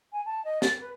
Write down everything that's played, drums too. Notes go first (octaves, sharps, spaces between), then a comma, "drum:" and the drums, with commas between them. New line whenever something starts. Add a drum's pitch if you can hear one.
G#5
A5
D#5
A6, drum: snare
B4